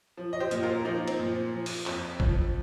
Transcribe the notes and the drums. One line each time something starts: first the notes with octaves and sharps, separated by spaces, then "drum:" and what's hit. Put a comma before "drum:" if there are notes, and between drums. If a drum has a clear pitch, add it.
F3
D#5
G4 C5
A#2, drum: hi-hat
F4 A#4
F3 A#3 D#4
C4, drum: cymbal
A#2
F3
drum: open hi-hat
F2, drum: clap
F3, drum: kick